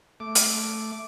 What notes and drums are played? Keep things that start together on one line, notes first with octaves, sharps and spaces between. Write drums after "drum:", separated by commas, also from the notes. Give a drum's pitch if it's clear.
A3 D6
drum: hi-hat